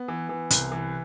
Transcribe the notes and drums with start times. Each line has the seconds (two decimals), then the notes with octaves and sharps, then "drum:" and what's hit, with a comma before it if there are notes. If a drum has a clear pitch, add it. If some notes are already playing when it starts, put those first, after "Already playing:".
Already playing: B3
0.08 E3
0.29 E3
0.51 C2, drum: hi-hat
0.71 E3